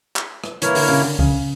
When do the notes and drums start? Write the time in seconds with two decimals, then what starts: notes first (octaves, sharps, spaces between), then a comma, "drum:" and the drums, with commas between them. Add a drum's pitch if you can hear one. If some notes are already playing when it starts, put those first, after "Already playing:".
0.16 drum: clap
0.44 drum: rim click
0.62 E3 A#3 E4 A#4 C#5, drum: hi-hat
0.75 D3, drum: open hi-hat
0.88 C#3
1.02 D3
1.19 C#3, drum: kick C#2